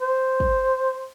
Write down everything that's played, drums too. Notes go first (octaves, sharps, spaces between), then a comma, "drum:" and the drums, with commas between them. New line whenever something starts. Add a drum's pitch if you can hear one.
C5
drum: kick